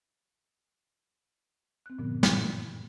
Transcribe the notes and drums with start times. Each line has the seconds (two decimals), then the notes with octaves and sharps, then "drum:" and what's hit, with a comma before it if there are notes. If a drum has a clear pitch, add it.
1.86 C4 F#6
1.98 G2 A#2 D3 F3 B3
2.23 F#2 E3 G3, drum: snare